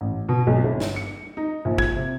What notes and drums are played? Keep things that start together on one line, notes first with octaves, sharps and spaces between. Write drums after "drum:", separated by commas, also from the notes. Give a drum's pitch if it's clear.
A1
B2
B1
G1
drum: snare
C#7
D#4
A#1
G#6, drum: kick
C3